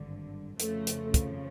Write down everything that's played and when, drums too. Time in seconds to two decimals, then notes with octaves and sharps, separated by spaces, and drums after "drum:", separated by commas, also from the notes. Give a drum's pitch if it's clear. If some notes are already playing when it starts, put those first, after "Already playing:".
Already playing: G#1 G2 D3
0.60 F2 C#3 F3 A3, drum: hi-hat
0.87 drum: hi-hat
1.14 drum: kick, hi-hat